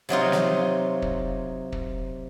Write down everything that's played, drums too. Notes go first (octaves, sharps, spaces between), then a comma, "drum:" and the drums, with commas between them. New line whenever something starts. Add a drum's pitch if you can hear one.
C3 F#3 D#4 F4
drum: snare
drum: kick
drum: kick